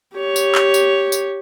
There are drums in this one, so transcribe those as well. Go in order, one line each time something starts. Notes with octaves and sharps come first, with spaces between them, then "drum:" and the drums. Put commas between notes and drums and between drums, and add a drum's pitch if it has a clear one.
G4 C#5
drum: tambourine
drum: clap
drum: tambourine
drum: tambourine